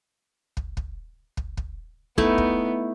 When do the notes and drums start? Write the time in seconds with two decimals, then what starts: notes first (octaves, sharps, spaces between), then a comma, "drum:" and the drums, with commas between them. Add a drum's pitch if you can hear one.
0.57 drum: kick
0.77 drum: kick
1.37 drum: kick
1.57 drum: kick
2.18 A3 B3 D#4 E4, drum: kick
2.38 drum: kick